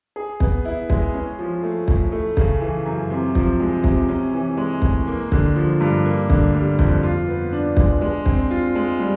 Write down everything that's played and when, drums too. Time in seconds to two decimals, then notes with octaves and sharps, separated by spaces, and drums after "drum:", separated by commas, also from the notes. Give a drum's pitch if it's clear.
0.16 G#4
0.40 B3, drum: kick
0.65 E4
0.90 G#3, drum: kick
1.14 C#4
1.39 F3
1.63 A3
1.88 A2, drum: kick
2.12 A3
2.37 C#3, drum: kick
2.61 E3
2.86 F#2
3.10 C3
3.35 F3, drum: kick
3.60 G#3
3.84 C3, drum: kick
4.09 C#4
4.33 E3
4.57 G#3
4.82 A2, drum: kick
5.07 A#3
5.32 D3, drum: kick
5.56 F3
5.80 G2
6.05 A#3
6.30 D3, drum: kick
6.54 G3
6.79 F2, drum: kick
7.03 F4
7.27 B3
7.52 D4
7.77 G#3, drum: kick
8.02 G#3
8.26 C4, drum: kick
8.50 F4
8.75 G#3
9.00 G3